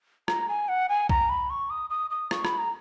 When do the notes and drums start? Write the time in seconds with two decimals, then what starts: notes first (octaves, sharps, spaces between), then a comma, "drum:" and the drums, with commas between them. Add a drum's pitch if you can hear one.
0.28 A#5, drum: rim click
0.49 G#5
0.68 F#5
0.89 G#5
1.09 A#5, drum: kick B1
1.29 B5
1.50 C#6
1.70 D#6
1.90 D#6
2.10 D#6
2.31 C#6, drum: rim click
2.45 B5, drum: rim click
2.58 A#5